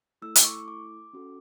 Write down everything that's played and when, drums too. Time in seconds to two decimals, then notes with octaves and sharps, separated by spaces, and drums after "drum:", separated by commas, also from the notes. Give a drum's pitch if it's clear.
0.22 A3 E4 A4 E6
0.36 D6, drum: hi-hat
0.45 C#6
0.68 D6
1.13 C#4 F#4 A4